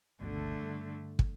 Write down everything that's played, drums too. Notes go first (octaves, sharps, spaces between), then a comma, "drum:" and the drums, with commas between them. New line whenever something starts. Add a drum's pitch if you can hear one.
G1 C#2 B2 D3 A3
G2
drum: kick